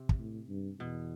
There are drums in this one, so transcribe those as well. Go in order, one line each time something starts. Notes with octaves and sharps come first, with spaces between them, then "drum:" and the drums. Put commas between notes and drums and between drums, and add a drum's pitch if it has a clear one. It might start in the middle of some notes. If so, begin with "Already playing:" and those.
Already playing: C3
drum: kick
A2
G2
E2 B2